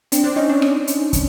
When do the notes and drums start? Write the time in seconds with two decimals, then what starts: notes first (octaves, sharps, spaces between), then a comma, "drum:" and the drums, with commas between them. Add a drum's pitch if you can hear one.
0.12 C4 D4, drum: hi-hat
0.23 C4 D4
0.36 C#4 D#4
0.49 C4 D4
0.62 drum: rim click
0.87 drum: hi-hat
1.13 drum: kick, hi-hat